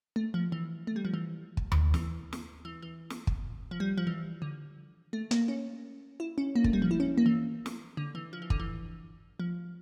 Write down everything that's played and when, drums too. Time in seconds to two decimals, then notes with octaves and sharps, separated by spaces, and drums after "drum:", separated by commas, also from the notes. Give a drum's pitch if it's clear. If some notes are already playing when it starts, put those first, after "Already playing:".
0.16 A3
0.34 F3
0.52 E3
0.87 A3
0.96 G3
1.05 F3
1.14 E3
1.57 drum: kick
1.72 drum: tom D#2
1.94 E3, drum: snare
2.33 drum: snare
2.65 E3
2.83 E3
3.10 drum: snare
3.27 drum: kick
3.71 F3
3.80 G3
3.98 F3
4.07 E3
4.42 D3
5.13 A3
5.31 A#3, drum: hi-hat
5.48 C#4
6.20 E4
6.38 C#4
6.56 A#3
6.64 A3, drum: kick
6.73 G3
6.82 F3
6.91 E4
7.00 C#4
7.18 A#3
7.26 E3
7.66 drum: snare
7.97 D3
8.15 E3
8.33 F3
8.42 E3
8.50 D3, drum: kick
8.60 E3
9.40 F3